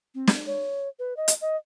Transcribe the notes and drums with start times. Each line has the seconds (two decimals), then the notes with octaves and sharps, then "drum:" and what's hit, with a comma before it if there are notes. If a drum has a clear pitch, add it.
0.14 C4
0.27 drum: snare
0.47 C#5
0.99 B4
1.17 D#5
1.28 drum: hi-hat
1.41 D#5